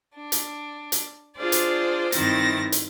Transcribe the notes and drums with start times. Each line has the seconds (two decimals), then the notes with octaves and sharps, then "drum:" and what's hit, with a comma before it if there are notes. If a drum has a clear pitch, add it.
0.16 D4
0.32 drum: hi-hat
0.92 drum: hi-hat
1.37 D4 F4 G#4 C5 D5
1.52 drum: hi-hat
2.12 G2 D#3 C4 E4 A6 A#6, drum: hi-hat
2.72 drum: hi-hat